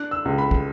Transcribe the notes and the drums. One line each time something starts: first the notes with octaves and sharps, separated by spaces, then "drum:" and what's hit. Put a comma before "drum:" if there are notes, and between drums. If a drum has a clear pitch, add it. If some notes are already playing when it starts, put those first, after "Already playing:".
Already playing: D4 F#6
E6
C#2
B5
drum: kick